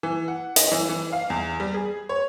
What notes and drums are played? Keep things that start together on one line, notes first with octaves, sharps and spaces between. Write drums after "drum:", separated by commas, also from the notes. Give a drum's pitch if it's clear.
E3
F#5
D#5, drum: hi-hat
E3
E3
F5
E2
G3
G#4
C#5